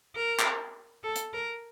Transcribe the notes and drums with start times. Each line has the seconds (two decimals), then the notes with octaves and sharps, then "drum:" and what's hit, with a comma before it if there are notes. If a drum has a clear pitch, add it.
0.16 A#4
0.39 drum: clap
1.03 A4
1.16 drum: hi-hat
1.33 A#4